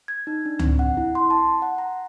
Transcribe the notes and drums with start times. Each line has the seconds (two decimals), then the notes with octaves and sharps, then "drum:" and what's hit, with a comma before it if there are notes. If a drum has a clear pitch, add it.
0.08 G#6
0.27 D#4
0.46 D4
0.59 C4, drum: tom C#2
0.79 F#5
0.97 E4
1.15 C6
1.30 A5
1.62 F#5
1.78 A#5